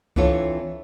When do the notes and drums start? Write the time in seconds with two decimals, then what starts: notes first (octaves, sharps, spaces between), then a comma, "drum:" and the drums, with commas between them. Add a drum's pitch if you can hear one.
0.16 E3 C4 D4 F4 A4 C#5, drum: kick C2